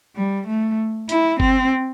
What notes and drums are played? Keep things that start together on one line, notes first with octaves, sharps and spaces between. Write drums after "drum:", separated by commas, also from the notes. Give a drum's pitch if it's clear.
G3
A3
E4, drum: hi-hat
C4, drum: kick G1